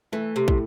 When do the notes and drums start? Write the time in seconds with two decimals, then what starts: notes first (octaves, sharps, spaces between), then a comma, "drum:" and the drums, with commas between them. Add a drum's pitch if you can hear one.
0.12 E3 A3
0.36 C3
0.48 A2, drum: kick